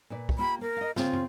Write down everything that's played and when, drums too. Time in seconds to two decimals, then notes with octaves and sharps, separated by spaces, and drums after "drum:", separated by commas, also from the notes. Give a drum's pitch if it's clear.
0.10 A#2 B4 D5
0.29 drum: kick
0.38 A#3 F4 G4 B5
0.61 A#3 A#4
0.77 D#5 F5
0.96 C#3 C4 F4 G#4, drum: snare
1.13 drum: tom